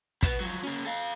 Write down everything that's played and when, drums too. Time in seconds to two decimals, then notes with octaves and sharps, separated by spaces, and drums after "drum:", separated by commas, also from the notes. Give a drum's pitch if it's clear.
0.23 B2 B3, drum: kick, hi-hat
0.40 F3 F#3
0.63 A#3 C#4
0.85 A4 F5